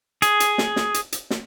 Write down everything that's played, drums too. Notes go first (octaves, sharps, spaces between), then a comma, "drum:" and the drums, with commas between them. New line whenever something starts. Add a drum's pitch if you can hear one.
G#4, drum: hi-hat
drum: hi-hat
drum: snare
drum: snare
drum: hi-hat
drum: hi-hat
drum: snare